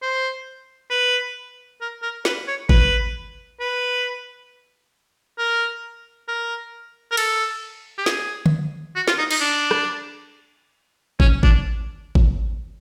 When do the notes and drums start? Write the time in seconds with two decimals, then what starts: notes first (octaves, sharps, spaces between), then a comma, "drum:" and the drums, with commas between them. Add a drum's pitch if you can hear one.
0.02 C5
0.90 B4
1.81 A#4
2.02 A#4
2.25 B4, drum: snare
2.48 C#5
2.69 B4, drum: kick G#1
3.60 B4
5.38 A#4
6.28 A#4
7.11 A#4
7.17 A4, drum: cymbal
7.98 G4
8.06 G#4, drum: snare
8.46 drum: tom
8.96 F#4
9.08 F4, drum: snare
9.18 D#4
9.31 D#4, drum: cymbal
9.41 D4
9.71 drum: rim click
11.20 C#4, drum: kick G#1
11.43 D4, drum: kick G#1
12.15 drum: kick G#1